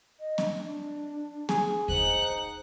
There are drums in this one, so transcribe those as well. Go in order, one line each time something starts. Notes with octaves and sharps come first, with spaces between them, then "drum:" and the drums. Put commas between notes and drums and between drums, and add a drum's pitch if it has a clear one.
D#5
drum: snare C4
D4
G#4, drum: snare C4
D#4 C5 F#5 F#6, drum: kick D#2